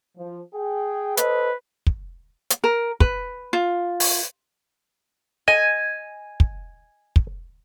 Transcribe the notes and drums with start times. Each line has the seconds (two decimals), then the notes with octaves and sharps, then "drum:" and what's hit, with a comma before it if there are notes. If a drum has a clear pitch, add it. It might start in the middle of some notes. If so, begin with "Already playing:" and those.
0.16 F3
0.54 G#4 G5
1.17 A4 B4 C5 D#5, drum: hi-hat
1.87 drum: kick
2.50 drum: hi-hat
2.64 A#4
3.00 B4, drum: kick
3.53 F4
4.00 drum: open hi-hat
5.48 D#5 G#5
6.40 drum: kick
7.16 drum: kick